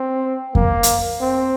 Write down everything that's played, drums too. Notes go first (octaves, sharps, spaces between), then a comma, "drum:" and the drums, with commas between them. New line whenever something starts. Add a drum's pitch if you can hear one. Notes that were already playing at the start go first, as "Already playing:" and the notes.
Already playing: C4
A#3, drum: kick F2
drum: hi-hat
C4